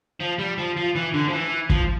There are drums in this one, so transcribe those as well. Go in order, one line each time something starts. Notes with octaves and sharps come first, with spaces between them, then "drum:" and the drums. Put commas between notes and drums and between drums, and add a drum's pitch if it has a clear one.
F3
G3
F3
F3
E3
D3
F3
E3
F3, drum: kick